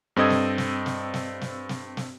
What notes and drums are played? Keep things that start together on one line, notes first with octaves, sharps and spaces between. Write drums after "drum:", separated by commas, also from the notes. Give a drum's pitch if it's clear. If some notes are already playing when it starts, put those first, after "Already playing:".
G2 C4 A4 D#5 D#6 G#6
drum: snare
drum: snare
drum: snare
drum: snare
drum: snare
drum: snare
drum: snare